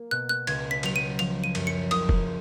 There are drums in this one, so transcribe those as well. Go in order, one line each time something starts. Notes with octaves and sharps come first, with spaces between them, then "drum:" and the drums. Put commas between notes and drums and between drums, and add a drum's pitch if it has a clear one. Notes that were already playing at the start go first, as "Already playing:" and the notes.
Already playing: A#3
B2 F#6
F#6
C#2 G#6, drum: cymbal
B6
F#3 F7, drum: cymbal
D#7
F3 F7, drum: cymbal
D#7
F#2, drum: cymbal
C#7
F#1 D#6, drum: cymbal
drum: kick